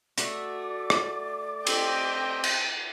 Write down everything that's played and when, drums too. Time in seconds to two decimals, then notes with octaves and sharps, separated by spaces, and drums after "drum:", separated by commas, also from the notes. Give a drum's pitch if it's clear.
0.18 A3 F#4 D5 E5 D6, drum: hi-hat
0.90 drum: rim click
1.67 C4 D#5 G5, drum: cymbal
2.44 drum: cymbal